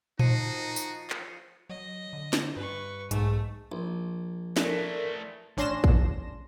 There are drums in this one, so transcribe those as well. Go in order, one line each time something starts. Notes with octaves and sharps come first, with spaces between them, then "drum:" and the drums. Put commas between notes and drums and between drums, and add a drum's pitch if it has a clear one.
D#3 F3 D#4 F#4 C7 C#7 D#7, drum: tom A2
drum: tambourine
drum: clap
F#3 D#5
D3
drum: snare
G2 B4 C#6
B1 G#2 A3, drum: hi-hat
A#1
E3 A3 A4 A#4 D5, drum: snare
A1 C#4 D4 C6 A#6 E7
drum: kick